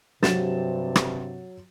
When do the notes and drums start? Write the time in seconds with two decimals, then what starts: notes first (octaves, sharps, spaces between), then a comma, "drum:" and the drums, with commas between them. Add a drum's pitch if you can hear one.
0.22 G2 C3 F#3 A6 E7, drum: snare
0.96 drum: rim click